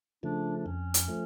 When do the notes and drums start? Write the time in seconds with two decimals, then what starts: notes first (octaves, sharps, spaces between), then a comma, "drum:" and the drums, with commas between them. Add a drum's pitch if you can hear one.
0.23 C#3 F3 A3 D4
0.57 D4
0.66 F2 C#4
0.94 drum: hi-hat
1.08 F3 A3